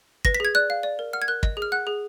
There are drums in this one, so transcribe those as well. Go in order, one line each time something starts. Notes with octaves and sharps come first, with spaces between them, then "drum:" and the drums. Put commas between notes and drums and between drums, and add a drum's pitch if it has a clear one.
B4 A#6, drum: kick
B6
G#4 G#6
D5 F#6
F5
D5
A#4
F#5 F6
G#6
A#4 F#6
D#5, drum: kick
G#4
F6
F#5 F#6
G#4